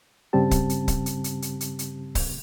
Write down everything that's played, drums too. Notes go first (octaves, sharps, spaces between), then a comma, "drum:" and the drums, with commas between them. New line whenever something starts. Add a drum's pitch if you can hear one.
G2 C#3 G3 C4 G4 A5
drum: kick C#1, hi-hat
drum: hi-hat
drum: kick C#1, hi-hat
drum: hi-hat
drum: hi-hat
drum: hi-hat
drum: hi-hat
drum: hi-hat
drum: kick C#1, open hi-hat